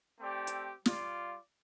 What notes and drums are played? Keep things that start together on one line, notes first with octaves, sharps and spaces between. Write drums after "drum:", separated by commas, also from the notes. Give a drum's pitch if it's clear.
A3 C4 G4 D5
drum: hi-hat
G3 F4 D5 F5, drum: snare